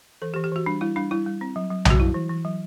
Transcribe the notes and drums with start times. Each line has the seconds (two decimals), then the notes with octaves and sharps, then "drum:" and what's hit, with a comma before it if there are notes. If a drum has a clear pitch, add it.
0.22 E3 A4
0.34 G4
0.36 E3
0.44 G4
0.52 E3 F#4
0.66 G3 D4
0.81 G3 E4
0.96 G3 D4
1.11 G3 E4
1.26 G3
1.41 C4
1.56 F#3
1.70 F#3
1.85 F#3, drum: tom B1
1.90 F#4
2.00 G3 E4
2.14 E3
2.29 E3
2.45 F#3